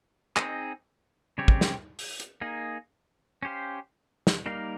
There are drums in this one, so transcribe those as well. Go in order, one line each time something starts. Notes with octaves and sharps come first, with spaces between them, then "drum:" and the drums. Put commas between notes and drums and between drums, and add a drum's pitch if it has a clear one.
C4 D#4 G#4 D#5, drum: clap
C#3 G3 C4 G4 C#5
drum: kick
drum: snare
drum: open hi-hat
drum: hi-hat
A#3 D#4 G#4
C#4 G4 C5 F5
drum: snare
G3 A#3 D#4 A#4 F5